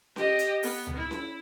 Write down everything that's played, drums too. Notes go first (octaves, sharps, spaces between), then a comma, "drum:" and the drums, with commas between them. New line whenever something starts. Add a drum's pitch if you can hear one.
G4 D#5, drum: snare C#4
drum: hi-hat
B3, drum: open hi-hat
drum: tom C#2
E4
drum: snare C#4